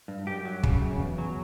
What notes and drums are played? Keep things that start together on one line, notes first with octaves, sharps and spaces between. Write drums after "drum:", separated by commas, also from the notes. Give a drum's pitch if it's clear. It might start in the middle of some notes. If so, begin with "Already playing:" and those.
G2
F#2 G4
F#3
C#3, drum: kick
F#2
E2
F#3